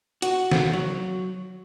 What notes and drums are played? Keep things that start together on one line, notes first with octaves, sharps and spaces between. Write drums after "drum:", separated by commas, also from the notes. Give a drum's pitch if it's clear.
F#4, drum: hi-hat
drum: snare
F#3